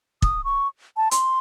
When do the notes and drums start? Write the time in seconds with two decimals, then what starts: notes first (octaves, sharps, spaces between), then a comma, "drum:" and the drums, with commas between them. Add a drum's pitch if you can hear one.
0.22 D#6, drum: kick
0.44 C#6
0.97 A5
1.11 C6, drum: hi-hat